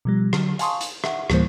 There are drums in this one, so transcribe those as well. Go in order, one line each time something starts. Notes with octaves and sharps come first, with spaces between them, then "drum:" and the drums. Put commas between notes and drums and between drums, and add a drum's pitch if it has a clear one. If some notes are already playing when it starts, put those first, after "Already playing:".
B2 F3 G3
D3 F#3, drum: rim click
F5 G#5 A5 C6 C#6 D#6, drum: hi-hat
drum: hi-hat
E5 F#5, drum: rim click
D2 A2 E3 G3 A#3 C5, drum: rim click